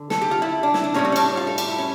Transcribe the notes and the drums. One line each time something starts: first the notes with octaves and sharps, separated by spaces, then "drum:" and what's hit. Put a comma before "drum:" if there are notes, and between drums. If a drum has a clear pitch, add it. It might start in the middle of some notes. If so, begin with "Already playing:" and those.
Already playing: D3
A4, drum: snare
G4
F4
E4
D4
E4, drum: snare
D4
A2 G3 A#3 C#4
A#3
C#4
D4, drum: cymbal
F4
A4
G4, drum: cymbal
E4
C#4